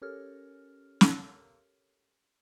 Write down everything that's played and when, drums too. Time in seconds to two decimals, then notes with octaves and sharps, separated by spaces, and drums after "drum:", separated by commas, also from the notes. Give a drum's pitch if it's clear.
0.02 C#4 G4 A4 A#4 C#5 F6
1.01 drum: snare